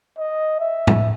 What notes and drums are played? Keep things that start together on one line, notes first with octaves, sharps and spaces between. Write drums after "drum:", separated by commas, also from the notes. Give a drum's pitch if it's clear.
D#5
E5
drum: tom A2